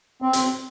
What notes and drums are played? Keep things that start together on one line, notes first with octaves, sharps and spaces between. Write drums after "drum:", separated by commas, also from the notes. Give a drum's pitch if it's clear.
C4
drum: hi-hat